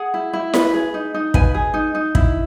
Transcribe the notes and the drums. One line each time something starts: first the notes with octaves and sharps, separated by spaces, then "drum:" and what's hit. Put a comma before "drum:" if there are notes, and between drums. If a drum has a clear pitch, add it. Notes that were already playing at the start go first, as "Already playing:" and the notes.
Already playing: G#4 F#5
E4
E4
B4, drum: snare E4
G#4
D#4
D#4
B4 G#5, drum: kick
G#4
D#4
D#4
E4, drum: kick